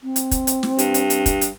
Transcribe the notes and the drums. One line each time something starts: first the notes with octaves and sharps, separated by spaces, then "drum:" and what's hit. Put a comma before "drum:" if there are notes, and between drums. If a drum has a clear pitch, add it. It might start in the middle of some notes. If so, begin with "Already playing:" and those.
C4
drum: hi-hat
drum: kick, hi-hat
drum: hi-hat
drum: snare
G2, drum: hi-hat
drum: hi-hat
drum: hi-hat
drum: kick, hi-hat
drum: hi-hat